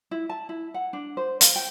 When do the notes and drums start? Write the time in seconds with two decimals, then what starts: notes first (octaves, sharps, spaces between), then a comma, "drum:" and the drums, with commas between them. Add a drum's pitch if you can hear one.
0.11 E4
0.29 A5
0.49 E4
0.74 F#5
0.93 D4
1.17 C5
1.41 F5, drum: hi-hat
1.56 G5